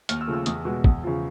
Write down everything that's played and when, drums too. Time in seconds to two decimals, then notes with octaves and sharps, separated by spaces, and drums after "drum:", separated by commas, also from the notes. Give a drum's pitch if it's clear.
0.09 D#2 F6, drum: hi-hat
0.21 E6
0.28 C#3 F3 A3
0.33 E6
0.46 E2 D#6, drum: hi-hat
0.65 B2 G#3
0.84 E2, drum: kick
1.03 C#3 F3